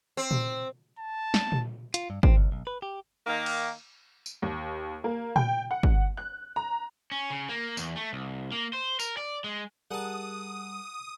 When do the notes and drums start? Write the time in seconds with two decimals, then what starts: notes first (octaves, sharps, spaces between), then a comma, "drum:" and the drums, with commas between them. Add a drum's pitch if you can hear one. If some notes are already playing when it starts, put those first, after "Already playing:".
0.17 C4
0.31 drum: tom A#2
0.99 A5
1.34 drum: snare
1.52 drum: tom A#2
1.94 F4, drum: hi-hat
2.10 G2
2.23 C4, drum: kick
2.36 C2
2.52 B1
2.67 B4
2.82 G4
3.27 D#3 A#3
3.46 drum: cymbal
4.26 drum: tambourine
4.42 D#2
5.04 A#3
5.36 G5, drum: tom A#2
5.71 F#5
5.83 drum: kick
6.17 F#6
6.56 A#5
7.11 C#4
7.30 C#3
7.49 A#3
7.77 E2, drum: tambourine
7.96 A3
8.13 C2
8.52 A#3
8.73 C5
8.99 A#4, drum: tambourine
9.17 D5
9.44 G#3
9.91 G3 G#4 A#4 F#5 A5 D#6